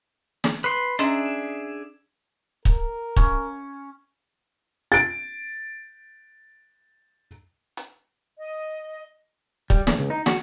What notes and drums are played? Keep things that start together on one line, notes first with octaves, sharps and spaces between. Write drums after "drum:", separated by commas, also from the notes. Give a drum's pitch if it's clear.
drum: snare
B4 C6
C#4 D4 G#4 D#5 E5 C6
A#4, drum: kick
C#4, drum: kick
A6 D7
drum: hi-hat
D#5
G3, drum: kick
E2, drum: snare
C#2
D#4
F#4, drum: snare